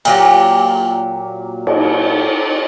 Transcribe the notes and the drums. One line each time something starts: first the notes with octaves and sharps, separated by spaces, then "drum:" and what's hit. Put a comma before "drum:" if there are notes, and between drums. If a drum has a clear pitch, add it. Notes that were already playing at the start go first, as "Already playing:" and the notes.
A#2 F#3 G4, drum: cymbal
drum: cymbal